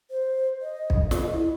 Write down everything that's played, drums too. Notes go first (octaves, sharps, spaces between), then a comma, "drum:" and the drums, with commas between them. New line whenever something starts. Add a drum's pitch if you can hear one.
C5
D#5
drum: kick B1
drum: snare
E4